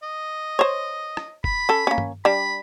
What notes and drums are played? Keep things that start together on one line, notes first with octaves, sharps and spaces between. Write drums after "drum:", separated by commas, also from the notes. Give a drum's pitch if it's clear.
D#5
C5 C#5
drum: rim click
B5, drum: kick F#1
C#4 A4
A#3 C#4
drum: tom G2
G3 D4 B5